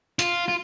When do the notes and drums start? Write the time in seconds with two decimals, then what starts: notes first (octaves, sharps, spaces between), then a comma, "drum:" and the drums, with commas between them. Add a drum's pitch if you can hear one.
0.19 F4, drum: hi-hat
0.48 F4